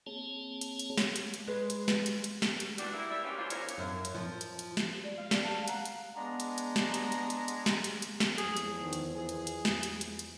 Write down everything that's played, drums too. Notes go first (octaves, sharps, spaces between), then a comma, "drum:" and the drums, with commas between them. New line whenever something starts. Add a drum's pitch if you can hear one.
A#3 C4 G#4 C#5 A5
drum: hi-hat
drum: hi-hat
drum: snare
drum: hi-hat
drum: hi-hat
G#3 B4
drum: hi-hat
drum: snare
drum: hi-hat
drum: hi-hat
drum: snare
drum: hi-hat
D#3 E3 G3 D4 F#4 G4, drum: hi-hat
A#3 E4
G3 E5
F#3 C#4 F4 G4
F#2 E3 F3 A#3 E4 F4
E2 G2 A#2 A#4 C5 C#5, drum: hi-hat
drum: hi-hat
F#2
drum: hi-hat
F3
drum: hi-hat
drum: hi-hat
drum: snare
D5
F5
drum: snare
A5
F#5 A#5, drum: hi-hat
drum: hi-hat
G#3 B3 D4 A#5
drum: hi-hat
drum: hi-hat
drum: snare
drum: hi-hat
drum: hi-hat
drum: hi-hat
drum: hi-hat
drum: snare
drum: hi-hat
drum: hi-hat
drum: snare
E2 F3 G#4, drum: hi-hat
drum: hi-hat
D#3
drum: hi-hat
G#4
drum: hi-hat
drum: hi-hat
drum: snare
drum: hi-hat
drum: hi-hat
drum: hi-hat